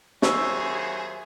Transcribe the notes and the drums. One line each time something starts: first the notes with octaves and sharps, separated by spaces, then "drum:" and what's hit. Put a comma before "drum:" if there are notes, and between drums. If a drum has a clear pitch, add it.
D#2 F#3 G#4 C5 E5 C#6 E6, drum: snare